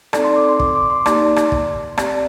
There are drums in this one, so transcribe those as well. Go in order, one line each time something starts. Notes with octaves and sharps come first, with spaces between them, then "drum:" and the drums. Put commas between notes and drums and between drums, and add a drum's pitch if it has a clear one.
C4 D#4 A4 D5, drum: rim click
C6
D6
C6
D6, drum: kick
D6
C6
A#3 D#4 G4 D5, drum: rim click
drum: rim click
drum: kick
C4 G4 D5, drum: rim click